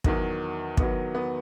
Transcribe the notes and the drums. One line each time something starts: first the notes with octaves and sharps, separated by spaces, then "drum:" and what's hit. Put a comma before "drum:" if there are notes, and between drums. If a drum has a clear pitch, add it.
E2 D#3 F#3, drum: kick
E2 D#3 F#3 B3, drum: kick
B3